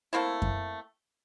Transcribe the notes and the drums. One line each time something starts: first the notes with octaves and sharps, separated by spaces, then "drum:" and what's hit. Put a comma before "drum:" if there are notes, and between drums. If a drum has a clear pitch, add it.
A3 A#3 C4 E4
drum: kick F#2